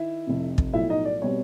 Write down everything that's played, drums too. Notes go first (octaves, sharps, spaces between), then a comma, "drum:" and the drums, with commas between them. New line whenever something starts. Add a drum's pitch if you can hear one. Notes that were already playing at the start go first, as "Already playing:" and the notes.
Already playing: D#3 E4 E5
F1 F2 C3
drum: kick
B1 A2 F3 E4 E5
D#4 D#5
D5
B2 G3 C4 C#5